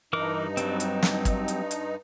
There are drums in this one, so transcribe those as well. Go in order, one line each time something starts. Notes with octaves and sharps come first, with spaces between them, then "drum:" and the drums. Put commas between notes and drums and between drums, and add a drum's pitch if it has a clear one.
G2 E3 D#4 A#4 D6
F#3 G3 C4, drum: hi-hat
drum: hi-hat
drum: snare
drum: kick, hi-hat
drum: hi-hat
drum: hi-hat